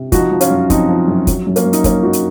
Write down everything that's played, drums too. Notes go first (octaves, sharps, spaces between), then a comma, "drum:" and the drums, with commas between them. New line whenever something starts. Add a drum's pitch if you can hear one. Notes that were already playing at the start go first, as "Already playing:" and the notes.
Already playing: C3
F3 D#4 F#4, drum: kick, hi-hat
F3
C#4 F4, drum: hi-hat
F#2
F3 C4 D#4, drum: kick, hi-hat
F3
F#2
F#3, drum: kick, hi-hat
F#2
A#3 C#4, drum: hi-hat
F#3
D#4, drum: hi-hat
F#2 A#3 C#4, drum: kick, hi-hat
F#3 D#4 F#4
drum: hi-hat